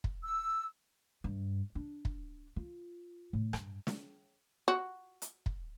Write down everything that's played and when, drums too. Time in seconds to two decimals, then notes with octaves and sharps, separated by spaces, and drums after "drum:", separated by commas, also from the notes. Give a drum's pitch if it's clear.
0.04 drum: kick
0.23 E6
1.24 G2
1.75 D4
2.05 drum: kick
2.56 F4
3.33 A2
3.53 G2, drum: rim click
3.87 drum: snare
4.68 F#4
5.22 drum: hi-hat
5.46 drum: kick